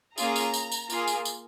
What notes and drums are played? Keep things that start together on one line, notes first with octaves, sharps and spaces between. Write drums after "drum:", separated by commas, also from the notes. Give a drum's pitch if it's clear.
A#3 C#4 F4 G#4 A#5, drum: tambourine
drum: tambourine
drum: tambourine
drum: tambourine
A#3 F4 G#4, drum: tambourine
drum: tambourine
drum: tambourine